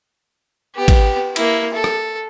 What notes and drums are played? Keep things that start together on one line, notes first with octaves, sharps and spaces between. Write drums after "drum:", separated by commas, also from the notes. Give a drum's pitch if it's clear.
B3 G4
drum: kick, cymbal
A#3 E4, drum: cymbal
A4
drum: rim click